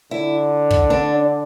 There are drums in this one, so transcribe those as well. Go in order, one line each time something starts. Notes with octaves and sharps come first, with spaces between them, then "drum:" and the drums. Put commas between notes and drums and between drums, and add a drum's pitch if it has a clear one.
D3 E4
drum: kick
D4